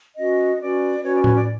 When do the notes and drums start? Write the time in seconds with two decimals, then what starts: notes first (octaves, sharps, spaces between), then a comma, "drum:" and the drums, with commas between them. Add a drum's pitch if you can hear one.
0.16 C#4 F#4 B4 D#5
0.59 C#4 F#4 B4 D5
1.02 C#4 F#4 B4 C#5
1.14 D5
1.24 C#5, drum: tom A2
1.35 D5